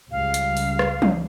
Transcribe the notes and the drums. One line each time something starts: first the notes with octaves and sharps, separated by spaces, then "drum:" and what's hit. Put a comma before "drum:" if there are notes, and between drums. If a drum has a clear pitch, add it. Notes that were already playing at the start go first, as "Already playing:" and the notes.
C#2 G3 F5
drum: hi-hat
drum: open hi-hat
drum: rim click
drum: tom